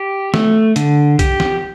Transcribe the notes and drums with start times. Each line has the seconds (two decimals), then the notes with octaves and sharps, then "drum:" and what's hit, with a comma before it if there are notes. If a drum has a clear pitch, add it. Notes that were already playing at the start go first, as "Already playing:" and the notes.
Already playing: G4
0.34 A3, drum: snare
0.76 D3, drum: hi-hat
1.19 G4, drum: kick B1, hi-hat
1.40 drum: snare